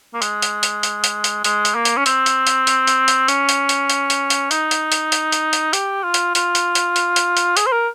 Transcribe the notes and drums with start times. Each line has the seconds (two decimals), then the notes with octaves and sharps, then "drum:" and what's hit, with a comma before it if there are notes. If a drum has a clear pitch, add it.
0.14 A#3
0.22 G#3, drum: hi-hat
0.42 drum: hi-hat
0.63 drum: hi-hat
0.83 drum: hi-hat
1.04 drum: hi-hat
1.24 drum: hi-hat
1.44 G#3, drum: hi-hat
1.65 drum: hi-hat
1.75 A#3
1.85 drum: hi-hat
1.97 C#4
2.06 C4, drum: hi-hat
2.26 drum: hi-hat
2.47 drum: hi-hat
2.67 drum: hi-hat
2.87 drum: hi-hat
3.08 drum: hi-hat
3.28 C#4, drum: hi-hat
3.49 drum: hi-hat
3.69 drum: hi-hat
3.90 drum: hi-hat
4.10 drum: hi-hat
4.30 drum: hi-hat
4.51 D#4, drum: hi-hat
4.71 drum: hi-hat
4.92 drum: hi-hat
5.12 drum: hi-hat
5.32 drum: hi-hat
5.53 drum: hi-hat
5.73 G4, drum: hi-hat
6.04 F4
6.14 drum: hi-hat
6.35 F4, drum: hi-hat
6.55 drum: hi-hat
6.75 drum: hi-hat
6.96 drum: hi-hat
7.16 drum: hi-hat
7.37 drum: hi-hat
7.57 G#4, drum: hi-hat
7.67 C5
7.72 A#4